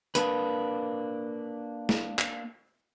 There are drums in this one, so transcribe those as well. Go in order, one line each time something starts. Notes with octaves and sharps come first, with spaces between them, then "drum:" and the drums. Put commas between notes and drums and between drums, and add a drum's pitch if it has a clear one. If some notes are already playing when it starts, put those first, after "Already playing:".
A#3 D4 B4, drum: hi-hat
drum: snare
drum: clap